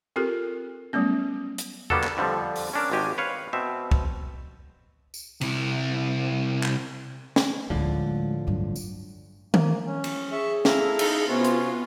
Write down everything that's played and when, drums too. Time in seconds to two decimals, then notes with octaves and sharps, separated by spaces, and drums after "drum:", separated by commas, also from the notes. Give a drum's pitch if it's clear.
0.16 C4 F4 G4 A4 A#4
0.93 F#3 G3 A3 B3 C#4
1.58 drum: hi-hat
1.90 G3 A#3 B3 D4 F#4 A4, drum: tom E2
2.04 drum: clap
2.17 F2 D3 F3 G3
2.56 drum: open hi-hat
2.73 C#4 D4 A#4
2.92 G#1 G#3 F#4 G4 G#5
3.18 B4 C#5 F5
3.53 B2 C4 E5
3.91 drum: kick
5.14 drum: tambourine
5.41 C3 E4, drum: cymbal
6.64 drum: clap
7.36 drum: snare
7.70 D2 A2 D3 F3 G#3
8.47 G2 F#3
8.76 drum: tambourine
9.54 A#3, drum: tom
9.86 C#4
10.04 drum: cymbal
10.32 G#4 E5 C#6
10.65 E4 A4 F5 A#5, drum: snare
10.99 D#4, drum: cymbal
11.28 C3 B3 C#4 F4 F#4 C5 C6
11.44 drum: hi-hat